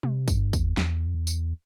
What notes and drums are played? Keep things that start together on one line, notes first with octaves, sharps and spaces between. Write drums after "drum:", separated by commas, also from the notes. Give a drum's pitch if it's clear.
C3, drum: tom
G2, drum: kick, tambourine
E2, drum: kick, tambourine
E2, drum: snare
F2
E2
drum: tambourine